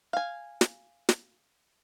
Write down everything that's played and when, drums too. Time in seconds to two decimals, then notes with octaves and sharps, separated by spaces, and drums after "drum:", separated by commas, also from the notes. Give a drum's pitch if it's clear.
0.13 F5 G#5
0.61 drum: snare
1.09 drum: snare